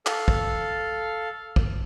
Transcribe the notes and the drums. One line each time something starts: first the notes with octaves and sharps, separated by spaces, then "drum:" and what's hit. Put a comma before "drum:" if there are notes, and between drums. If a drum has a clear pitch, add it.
A4 F5, drum: clap
drum: kick
drum: kick